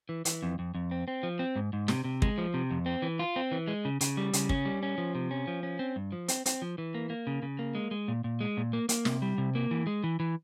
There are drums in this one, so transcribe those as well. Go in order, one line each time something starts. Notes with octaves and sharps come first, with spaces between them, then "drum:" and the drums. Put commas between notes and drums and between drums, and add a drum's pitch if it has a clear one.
E3
E3, drum: hi-hat
F2
F2
F2
C4
C4
F3
C4
G#2
G#2
C3, drum: snare
C3
G#3, drum: kick
F3
C3
F2
C4
E3
F4
C4
E3
G#3
C#3
C#3, drum: hi-hat
G3
C#3, drum: hi-hat
C#4, drum: kick
G3
C#4
F3
C3
C#4
F3
C#4
C4
G2
F3
C4, drum: hi-hat
C4, drum: hi-hat
F3
E3
A#3
A#3
C#3
C#3
A#3
G#3
G#3
A#2
A#2
G#3
A#2
A#3
A#3, drum: hi-hat
C3, drum: snare
G3
C3
A#3
E3
G#3
E3
E3